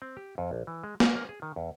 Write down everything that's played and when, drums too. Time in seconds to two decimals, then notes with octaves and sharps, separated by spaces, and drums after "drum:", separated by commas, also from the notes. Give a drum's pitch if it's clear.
0.02 C4
0.17 G4
0.38 F2
0.51 A#1
0.67 E3
0.84 G#3
1.00 A#3, drum: snare
1.15 A#3
1.29 G#4
1.42 D#3
1.56 E2